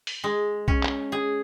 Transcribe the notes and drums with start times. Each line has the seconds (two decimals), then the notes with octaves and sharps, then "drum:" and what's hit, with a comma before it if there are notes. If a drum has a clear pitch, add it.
0.07 drum: open hi-hat
0.24 G#3
0.68 C#4, drum: kick B1
0.84 drum: clap
1.12 G#4